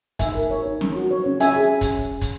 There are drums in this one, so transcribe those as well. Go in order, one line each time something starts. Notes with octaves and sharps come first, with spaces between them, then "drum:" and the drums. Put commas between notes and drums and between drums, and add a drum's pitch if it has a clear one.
D#4 E5 G#5, drum: kick, hi-hat
A#4
C#5
D#4
C#4, drum: snare
F#4
C#5
C#4
C#4 E5 G#5, drum: hi-hat
G#4
drum: kick, hi-hat
drum: kick, hi-hat